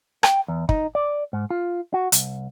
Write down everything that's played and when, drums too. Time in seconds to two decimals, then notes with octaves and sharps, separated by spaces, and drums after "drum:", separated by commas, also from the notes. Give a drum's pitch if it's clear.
0.23 G5, drum: rim click
0.48 E2
0.69 D#4, drum: kick
0.95 D5
1.33 G#2
1.50 F4
1.94 F#4
2.12 C2, drum: hi-hat